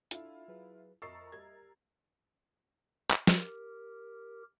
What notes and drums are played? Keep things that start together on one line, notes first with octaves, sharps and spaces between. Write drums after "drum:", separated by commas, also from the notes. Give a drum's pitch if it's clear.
D4 E4 F4 A4 E5, drum: hi-hat
F#3 G#4 B4
F2 A#4 D#5 E5 C#6 E6 A6 C7
G3 A#4 G#6
drum: clap
G4 A#4, drum: snare